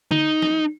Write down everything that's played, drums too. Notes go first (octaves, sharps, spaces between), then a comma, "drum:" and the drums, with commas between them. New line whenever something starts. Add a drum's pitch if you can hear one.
D#4, drum: tom D3
drum: snare